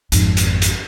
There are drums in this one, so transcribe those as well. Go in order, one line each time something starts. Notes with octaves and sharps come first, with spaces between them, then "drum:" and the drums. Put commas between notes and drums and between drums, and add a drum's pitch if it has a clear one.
G#1 F2, drum: hi-hat
drum: hi-hat
drum: hi-hat